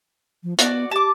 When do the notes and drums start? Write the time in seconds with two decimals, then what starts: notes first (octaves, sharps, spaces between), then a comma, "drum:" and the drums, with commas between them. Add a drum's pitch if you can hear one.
0.43 F3
0.59 B3 F#4 D5, drum: hi-hat
0.91 G4 A5 D6